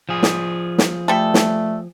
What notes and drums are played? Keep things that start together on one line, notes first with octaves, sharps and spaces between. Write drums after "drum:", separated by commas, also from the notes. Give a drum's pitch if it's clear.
F3 G#4
drum: snare
drum: snare
G3 A3 A4
drum: snare